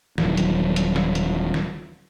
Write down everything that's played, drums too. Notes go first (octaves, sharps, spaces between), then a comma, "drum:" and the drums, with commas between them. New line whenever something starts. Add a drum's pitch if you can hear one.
D#1 E3 F#3, drum: snare
drum: hi-hat
drum: hi-hat
drum: snare
drum: hi-hat
drum: snare